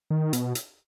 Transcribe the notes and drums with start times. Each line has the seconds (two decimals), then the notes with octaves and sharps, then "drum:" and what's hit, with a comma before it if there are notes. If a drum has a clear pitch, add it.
0.10 D#3
0.33 B2, drum: hi-hat
0.55 drum: hi-hat